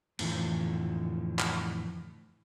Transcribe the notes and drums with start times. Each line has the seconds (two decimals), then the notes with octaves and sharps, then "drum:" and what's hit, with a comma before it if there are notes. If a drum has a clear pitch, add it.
0.19 F2 A2 D3 E3 F3, drum: cymbal
1.39 drum: clap